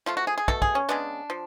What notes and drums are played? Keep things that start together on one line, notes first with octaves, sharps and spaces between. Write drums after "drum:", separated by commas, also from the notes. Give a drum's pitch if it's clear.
F3 A3 F4
F#4
G#4
G#4
B2 A3 A4, drum: kick
G#4, drum: kick
C#4
C#3 G#3 B3 D4
F3